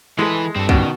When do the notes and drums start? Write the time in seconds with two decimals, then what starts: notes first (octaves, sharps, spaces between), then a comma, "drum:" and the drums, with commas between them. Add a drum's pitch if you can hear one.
0.19 E3 G#3 E4 G#4 A4 B4
0.56 G2 C4 A4
0.69 B2 D3 D#3 C#4 D5, drum: kick